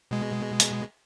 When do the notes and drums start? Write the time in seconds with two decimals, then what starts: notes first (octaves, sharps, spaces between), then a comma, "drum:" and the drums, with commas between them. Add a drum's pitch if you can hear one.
0.11 B2 G#3
0.60 drum: hi-hat